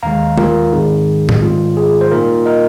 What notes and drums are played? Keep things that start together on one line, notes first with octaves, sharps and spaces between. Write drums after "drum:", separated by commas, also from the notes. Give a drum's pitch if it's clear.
D#2 D#3 G#3 F5 A#5
F4 A#4, drum: tom
G#2 D#3 G#3 C4 D#4 G#4
drum: tom A2
G#2 D#3 G#3 F4
G#4
C5
A#2 A#3 D#4 F4 A#4
A#4 D#5